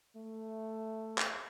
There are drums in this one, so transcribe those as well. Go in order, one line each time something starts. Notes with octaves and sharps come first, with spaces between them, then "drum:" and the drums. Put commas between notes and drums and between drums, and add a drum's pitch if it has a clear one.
A3
drum: clap